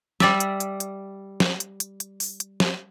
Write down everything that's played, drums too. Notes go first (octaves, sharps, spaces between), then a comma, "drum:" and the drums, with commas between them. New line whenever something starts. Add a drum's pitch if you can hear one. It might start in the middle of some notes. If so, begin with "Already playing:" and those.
G3 D5 E5, drum: snare
drum: hi-hat
drum: hi-hat
drum: hi-hat
drum: snare
drum: hi-hat
drum: hi-hat
drum: hi-hat
drum: open hi-hat
drum: hi-hat
drum: snare